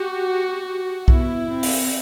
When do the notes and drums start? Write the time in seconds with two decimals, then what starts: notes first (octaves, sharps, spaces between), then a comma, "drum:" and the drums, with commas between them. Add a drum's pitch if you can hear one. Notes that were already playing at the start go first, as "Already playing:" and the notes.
Already playing: F#4 G4
1.08 B3 E4, drum: kick B1
1.51 C4
1.63 drum: open hi-hat